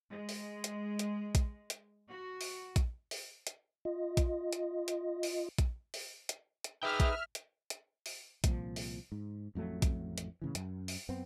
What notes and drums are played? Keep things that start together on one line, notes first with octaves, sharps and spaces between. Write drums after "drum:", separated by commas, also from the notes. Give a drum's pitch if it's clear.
G#3
drum: open hi-hat
drum: hi-hat
drum: hi-hat
drum: kick A#1, hi-hat
drum: hi-hat
F#4
drum: open hi-hat
drum: kick A#1, hi-hat
drum: open hi-hat
drum: hi-hat
F4 D#5
drum: kick A#1, hi-hat
drum: hi-hat
drum: hi-hat
drum: open hi-hat
drum: kick A#1, hi-hat
drum: open hi-hat
drum: hi-hat
drum: hi-hat
D#4 G#4 B4 E5 G5 F6
drum: kick A#1, hi-hat
drum: hi-hat
drum: hi-hat
drum: open hi-hat
C2 A#2 F3, drum: kick A#1, hi-hat
drum: open hi-hat
G#2
A1 F2 F#3 A3
drum: kick A#1, hi-hat
drum: hi-hat
A2 C#3 E3
F#2, drum: hi-hat
drum: open hi-hat
F#2 B3 C4